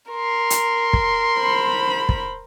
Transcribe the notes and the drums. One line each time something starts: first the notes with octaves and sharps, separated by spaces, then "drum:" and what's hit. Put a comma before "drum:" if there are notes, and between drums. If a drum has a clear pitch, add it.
A#4 C6
drum: hi-hat
drum: kick
C5 B5
drum: kick